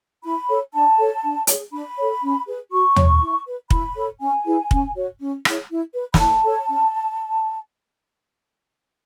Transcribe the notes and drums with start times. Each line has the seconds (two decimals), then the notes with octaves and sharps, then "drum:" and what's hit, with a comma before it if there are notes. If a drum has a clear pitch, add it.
0.23 E4 B5
0.49 A4 C#5
0.73 D4 A5
0.98 A4 C#5
1.23 D4
1.47 G#4 C#5, drum: hi-hat
1.72 D4 B5
1.97 A4 C#5
2.22 C#4
2.47 G#4 B4
2.72 F#4 C#6
2.96 C#5, drum: tom
3.22 E4
3.46 B4
3.70 E4 B5, drum: kick
3.95 A4 C#5
4.20 C#4 G#5
4.45 E4 G#4 B4
4.71 C#4, drum: kick
4.95 F#4 C#5
5.20 C#4
5.45 E4 G#4 C#5, drum: rim click
5.70 E4
5.94 B4
6.14 B5, drum: snare
6.19 E4 A5
6.44 A4 C#5
6.68 C#4